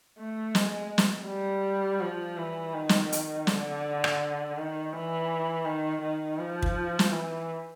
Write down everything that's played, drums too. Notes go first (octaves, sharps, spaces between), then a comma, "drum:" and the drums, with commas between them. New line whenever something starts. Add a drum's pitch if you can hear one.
A3
G#3, drum: snare
drum: snare
G3
F3
E3
D#3
drum: snare
drum: hi-hat
D3, drum: snare
drum: rim click
D#3
E3
D#3
D#3
F3
drum: kick
drum: snare
E3